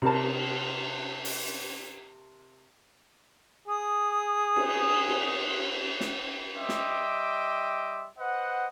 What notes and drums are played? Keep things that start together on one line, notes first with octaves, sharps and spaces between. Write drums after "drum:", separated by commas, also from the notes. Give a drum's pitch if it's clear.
C3 A#4 A5, drum: cymbal
drum: open hi-hat
G#4 D#6
drum: cymbal
drum: cymbal
drum: snare
G3 D#5 E5 G5 C6 D6
drum: snare
B4 C5 D#5 F#5